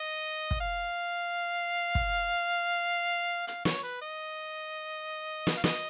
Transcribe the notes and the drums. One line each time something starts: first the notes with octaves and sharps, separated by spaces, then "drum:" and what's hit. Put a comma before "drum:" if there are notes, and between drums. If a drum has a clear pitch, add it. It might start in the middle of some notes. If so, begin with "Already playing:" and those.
Already playing: D#5
drum: kick
F5
drum: kick
F5, drum: hi-hat
C#5, drum: snare
B4
D#5
drum: snare
F5
D#5, drum: snare